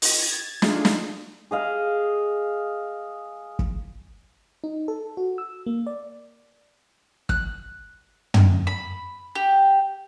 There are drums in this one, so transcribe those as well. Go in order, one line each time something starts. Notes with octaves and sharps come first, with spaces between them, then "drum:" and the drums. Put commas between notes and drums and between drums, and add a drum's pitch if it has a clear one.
D#5, drum: open hi-hat
G#6 A6
A3 D4 D#4 F4 G#4, drum: snare
drum: snare
G#4 D#5 F5
drum: kick
D#4
A4
F#4
E6
A#3
D5
F#6, drum: kick
drum: tom
B5
G4